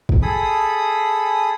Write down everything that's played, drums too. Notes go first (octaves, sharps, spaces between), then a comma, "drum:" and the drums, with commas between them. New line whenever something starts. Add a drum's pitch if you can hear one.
drum: kick
G#4 A4 B5 D#6